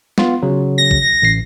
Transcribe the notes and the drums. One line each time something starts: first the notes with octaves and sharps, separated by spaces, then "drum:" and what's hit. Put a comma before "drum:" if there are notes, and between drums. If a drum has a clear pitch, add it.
B3 F4, drum: snare
C#3 F#3
A#6
drum: kick G#1
A1 C7